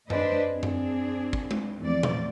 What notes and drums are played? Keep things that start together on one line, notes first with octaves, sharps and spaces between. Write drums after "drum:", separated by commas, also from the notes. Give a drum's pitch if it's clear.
D4 B4 C5 D5 D#5, drum: tom F#2
C4 D4 G#4
drum: tom F#2
drum: kick
drum: tom G#3
E2 F3 A3 C4 D5
drum: tom A#2